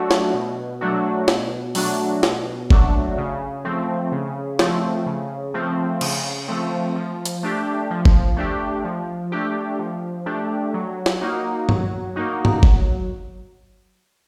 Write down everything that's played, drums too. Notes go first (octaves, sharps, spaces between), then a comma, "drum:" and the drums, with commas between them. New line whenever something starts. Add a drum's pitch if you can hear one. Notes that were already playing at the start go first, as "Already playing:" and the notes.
Already playing: F#3 A3 D4 F#4
drum: snare
B2
F#3 A3 D4 F#4
B2, drum: snare
F#3 A3 D4 F#4, drum: open hi-hat
B2, drum: snare
F#3 A3 D4 F#4, drum: kick G1
C#3
F3 A3 C4
C#3
F3 A3 C4, drum: snare
C#3
F3 A3 C4
C#3, drum: cymbal
F3 A3 C4
F3
drum: hi-hat
A3 D4 G4
F3
drum: kick G1
A3 D4 G4
F3
A3 D4 G4
F3
A3 D4 G4
F#3
drum: snare
A#3 D#4 F#4
F#3, drum: tom G2
A#3 D#4 F#4
drum: tom G2
F#3, drum: kick G1